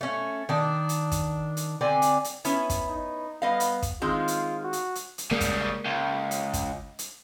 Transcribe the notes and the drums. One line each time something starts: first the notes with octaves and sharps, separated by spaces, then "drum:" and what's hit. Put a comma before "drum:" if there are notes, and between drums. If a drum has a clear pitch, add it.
A3 C#4
D#3 D4
drum: hi-hat
drum: kick, hi-hat
drum: hi-hat
D3 C4 D5 G#5
drum: hi-hat
drum: hi-hat
B3 C#4 E4, drum: hi-hat
drum: kick, hi-hat
D#4
G3 B3 D#5 F5
drum: hi-hat
drum: kick, hi-hat
D#3 G#3 C4 F4
drum: hi-hat
F#4
drum: hi-hat
drum: hi-hat
drum: hi-hat
C#3 G3 G#3 A#3
drum: kick, hi-hat
C#2
drum: hi-hat
drum: kick, hi-hat
drum: hi-hat